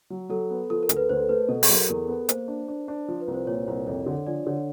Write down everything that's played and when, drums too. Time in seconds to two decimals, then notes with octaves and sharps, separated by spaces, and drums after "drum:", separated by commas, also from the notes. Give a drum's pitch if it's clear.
0.10 F#3
0.29 F#3 A4
0.50 B3
0.70 F3 A4
0.83 A#4
0.89 D2, drum: hi-hat
0.97 B4
1.09 D2 C5
1.29 A3 B4
1.49 B2 A4
1.63 G#4, drum: open hi-hat
1.69 F#3
1.76 A#4
1.89 E2 A#4
2.08 B3
2.29 A#3 C5, drum: hi-hat
2.48 D4
2.68 D4
2.88 D4
3.08 F3
3.21 B4
3.28 C2
3.34 C5
3.47 A#2 C#5
3.67 C2 C5
3.87 F2 C#5
4.06 D3
4.26 F3 D4 D5
4.46 D3 C#5